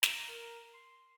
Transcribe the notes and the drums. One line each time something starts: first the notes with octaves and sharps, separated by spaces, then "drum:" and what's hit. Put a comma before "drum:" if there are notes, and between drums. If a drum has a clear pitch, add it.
A#5, drum: snare
A#4
C6